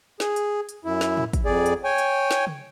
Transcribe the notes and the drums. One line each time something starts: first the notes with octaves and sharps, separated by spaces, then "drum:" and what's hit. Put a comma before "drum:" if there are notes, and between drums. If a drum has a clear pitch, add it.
G#4, drum: snare
drum: hi-hat
drum: hi-hat
F#2 E4
drum: snare
drum: tom
drum: kick, hi-hat
F2 G#4 D5
drum: hi-hat
C#5 G5 G#5
drum: hi-hat
drum: snare
drum: tom